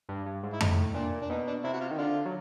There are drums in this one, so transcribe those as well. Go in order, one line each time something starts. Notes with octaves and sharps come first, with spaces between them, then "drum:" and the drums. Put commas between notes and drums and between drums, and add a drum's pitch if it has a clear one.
G2
G2
G#2
E4
A2 D#4, drum: tom F2
A#2 D4
D4
B2 D#4
D4
C3 E4
F#4
F4
D#3
D3 D4 F4
F#3